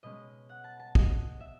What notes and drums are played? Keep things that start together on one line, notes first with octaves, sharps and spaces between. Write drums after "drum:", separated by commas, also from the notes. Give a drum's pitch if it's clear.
B2 G#3 C#4 D#5
F#5
A5
A5
D#5, drum: kick
E5